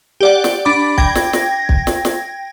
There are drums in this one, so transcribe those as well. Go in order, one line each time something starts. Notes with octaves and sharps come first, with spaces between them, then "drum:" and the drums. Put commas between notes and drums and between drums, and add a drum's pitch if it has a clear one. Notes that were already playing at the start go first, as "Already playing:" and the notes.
G4 D5 F#5
drum: snare
D4 B5 D6
G5 G#6 A#6, drum: kick
drum: snare
drum: snare
drum: kick
drum: snare
drum: snare